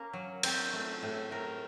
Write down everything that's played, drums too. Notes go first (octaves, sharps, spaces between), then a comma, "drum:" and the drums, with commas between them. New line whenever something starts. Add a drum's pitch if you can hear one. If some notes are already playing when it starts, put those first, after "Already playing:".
Already playing: A#3 C#4 A#4
F#3
C4, drum: cymbal
A3
A2
A2 A#4